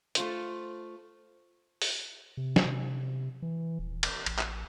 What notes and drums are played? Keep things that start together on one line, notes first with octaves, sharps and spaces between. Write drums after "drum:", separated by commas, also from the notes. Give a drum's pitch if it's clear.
A3 F4 C5, drum: hi-hat
drum: open hi-hat
C3
drum: snare
C3
E3
D#1
drum: cymbal
A1, drum: cymbal
drum: clap